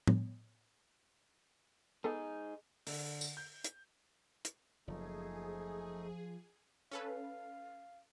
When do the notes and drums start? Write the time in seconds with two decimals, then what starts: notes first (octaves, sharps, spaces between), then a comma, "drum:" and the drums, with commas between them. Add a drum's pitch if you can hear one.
0.07 drum: tom A2
2.04 B3 D#4 G#4 A4
2.87 D3, drum: open hi-hat
3.21 drum: tambourine
3.37 G6
3.64 drum: hi-hat
4.45 drum: hi-hat
4.88 F#1 F3 A3 D#4 G#4
6.91 C#4 A4 B4 F5